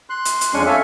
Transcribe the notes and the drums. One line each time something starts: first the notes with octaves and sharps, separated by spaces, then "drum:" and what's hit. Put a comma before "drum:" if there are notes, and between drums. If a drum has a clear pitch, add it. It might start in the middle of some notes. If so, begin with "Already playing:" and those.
C6 F#6
drum: hi-hat
drum: hi-hat
F2 G#3 C#4 D4 G#5 C#6
A4 C#5 E5 F5 G#5